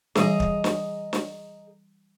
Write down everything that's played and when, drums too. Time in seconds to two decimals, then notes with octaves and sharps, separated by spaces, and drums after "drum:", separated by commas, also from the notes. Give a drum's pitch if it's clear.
0.15 E3 G3 G#4 D#5 A#5, drum: snare
0.40 drum: kick
0.64 drum: snare
1.13 drum: snare